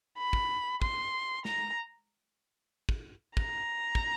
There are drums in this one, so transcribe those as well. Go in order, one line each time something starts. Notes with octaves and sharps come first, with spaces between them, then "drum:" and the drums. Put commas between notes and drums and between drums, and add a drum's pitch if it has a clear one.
B5
drum: kick
C6, drum: kick
A#5, drum: snare
drum: kick
A#5, drum: kick
drum: kick